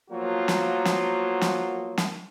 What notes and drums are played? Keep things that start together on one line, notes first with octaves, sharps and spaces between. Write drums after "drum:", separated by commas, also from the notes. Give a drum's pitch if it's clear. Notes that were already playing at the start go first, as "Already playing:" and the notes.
F3 F#3 A#3 B3 F4 F#4
drum: snare
drum: snare
drum: snare
drum: snare